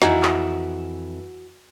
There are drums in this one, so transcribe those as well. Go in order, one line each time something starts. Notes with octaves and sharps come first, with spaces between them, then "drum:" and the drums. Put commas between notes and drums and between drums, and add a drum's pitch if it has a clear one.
F2 E3 D#4 E4 F#4 E5 G#5, drum: snare
drum: clap